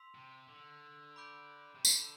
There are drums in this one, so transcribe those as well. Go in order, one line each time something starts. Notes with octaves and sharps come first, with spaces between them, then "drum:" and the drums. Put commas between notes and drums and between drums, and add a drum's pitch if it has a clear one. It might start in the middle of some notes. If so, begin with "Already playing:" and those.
Already playing: C6 E6 B6 F7
C3
D3
B5 D6 G6 D7
C3
D3, drum: tambourine